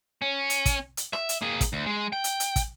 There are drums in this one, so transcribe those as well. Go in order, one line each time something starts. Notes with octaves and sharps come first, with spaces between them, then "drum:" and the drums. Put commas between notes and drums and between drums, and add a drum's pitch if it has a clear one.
C#4
drum: hi-hat
drum: kick, hi-hat
drum: hi-hat
E5, drum: rim click
drum: hi-hat
A#3 G#4
drum: kick, hi-hat
D2
G#3
G5
drum: hi-hat
drum: hi-hat
drum: kick, hi-hat